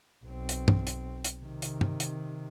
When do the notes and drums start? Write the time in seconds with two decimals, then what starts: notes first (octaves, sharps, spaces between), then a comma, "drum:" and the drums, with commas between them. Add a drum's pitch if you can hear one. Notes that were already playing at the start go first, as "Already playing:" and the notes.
0.25 B1 C4
0.49 drum: hi-hat
0.68 drum: tom
0.87 drum: hi-hat
1.24 drum: hi-hat
1.43 C3 D#3
1.62 drum: hi-hat
1.81 drum: tom
2.00 drum: hi-hat